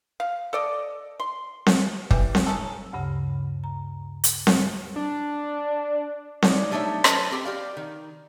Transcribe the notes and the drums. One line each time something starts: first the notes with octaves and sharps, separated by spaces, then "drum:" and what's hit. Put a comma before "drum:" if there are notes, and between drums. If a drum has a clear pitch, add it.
F5
A4 D5 D#5
C6
drum: snare C4
E3 G3, drum: kick
drum: snare C4
C#4 D#4 A4
D2 G2 C#3
A#5
drum: hi-hat
drum: snare C4
D4
D4 D#4 C#5, drum: snare C4
G3 A3 D4 D#4 C#5 E5
F#3 C#4 A4 B4 C5 D#5, drum: rim click
C4 G4 G5
G4 D5 F5
D#3